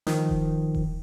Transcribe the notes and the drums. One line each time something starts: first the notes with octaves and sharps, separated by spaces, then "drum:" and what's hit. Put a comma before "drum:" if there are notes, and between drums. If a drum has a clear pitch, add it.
D#3 F3, drum: snare
drum: kick D#1
drum: kick D#1